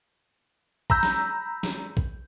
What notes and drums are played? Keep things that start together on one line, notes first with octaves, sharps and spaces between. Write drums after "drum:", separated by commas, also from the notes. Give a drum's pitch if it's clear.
A#5 B5 E6 G6, drum: kick A#1
drum: snare
drum: snare
drum: kick A#1